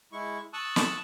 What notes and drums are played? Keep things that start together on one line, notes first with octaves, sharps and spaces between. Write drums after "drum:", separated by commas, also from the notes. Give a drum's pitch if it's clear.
G#3 E4 C#6
A5 C#6 D#6 E6 F#6
drum: snare